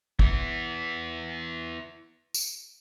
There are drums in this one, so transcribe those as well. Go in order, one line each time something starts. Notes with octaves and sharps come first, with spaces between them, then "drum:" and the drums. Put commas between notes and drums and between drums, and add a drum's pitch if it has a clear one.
E3 B3, drum: kick
drum: tambourine